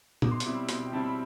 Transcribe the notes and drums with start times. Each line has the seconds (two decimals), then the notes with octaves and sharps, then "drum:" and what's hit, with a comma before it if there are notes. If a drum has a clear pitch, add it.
0.22 B2 D6, drum: tom A#2
0.31 C6
0.40 D6, drum: hi-hat
0.46 G3 C4 E4
0.69 B2 C6, drum: hi-hat
0.80 G5
0.92 G3 C4 E4 A5
1.04 B5